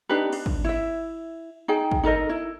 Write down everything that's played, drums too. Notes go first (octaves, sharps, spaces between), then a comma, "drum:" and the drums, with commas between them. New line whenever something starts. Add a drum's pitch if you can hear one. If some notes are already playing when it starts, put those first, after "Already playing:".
D4 D#4 G4 B4
D4, drum: cymbal
drum: kick
E4 E5
D#4 G#4 G5
drum: kick
D#4 A4 A#4 D#5
E4